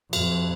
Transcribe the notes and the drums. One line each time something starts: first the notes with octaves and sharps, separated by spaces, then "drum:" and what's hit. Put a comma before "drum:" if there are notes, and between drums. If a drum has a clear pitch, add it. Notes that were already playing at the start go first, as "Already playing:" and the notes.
F2, drum: cymbal